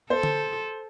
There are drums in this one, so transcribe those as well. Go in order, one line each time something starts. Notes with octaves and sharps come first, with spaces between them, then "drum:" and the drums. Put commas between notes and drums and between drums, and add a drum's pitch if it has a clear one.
A4 C5
drum: tom D3